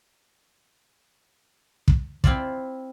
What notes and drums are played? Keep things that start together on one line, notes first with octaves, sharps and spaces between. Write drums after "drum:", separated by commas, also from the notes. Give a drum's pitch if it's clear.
drum: kick
C4 E4 F4 D5, drum: kick